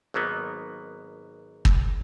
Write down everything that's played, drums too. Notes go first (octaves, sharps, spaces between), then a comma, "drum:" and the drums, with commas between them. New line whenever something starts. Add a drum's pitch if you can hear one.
G#1 F#3 A#3 B3 D#4
drum: kick